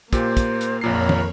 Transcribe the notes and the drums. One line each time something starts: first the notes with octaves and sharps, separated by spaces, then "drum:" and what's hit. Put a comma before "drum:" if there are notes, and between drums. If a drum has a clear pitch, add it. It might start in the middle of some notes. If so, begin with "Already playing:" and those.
A#2 A#3 G4 C5, drum: kick, hi-hat
drum: kick, hi-hat
drum: hi-hat
A#1 F2 A#2 A#4 C#5 B5 C7
drum: tom